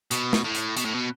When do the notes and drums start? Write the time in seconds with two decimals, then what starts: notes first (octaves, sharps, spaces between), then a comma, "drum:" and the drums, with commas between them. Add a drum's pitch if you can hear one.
0.11 B2, drum: hi-hat
0.33 drum: snare
0.44 A2
0.55 drum: hi-hat
0.77 B2, drum: hi-hat
0.85 A2
0.94 B2